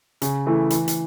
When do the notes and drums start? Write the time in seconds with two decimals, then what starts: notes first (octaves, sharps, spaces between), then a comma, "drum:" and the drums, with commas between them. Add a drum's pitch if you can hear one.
0.22 C#3, drum: hi-hat
0.46 E3 A3 E4
0.70 E3, drum: hi-hat
0.88 drum: hi-hat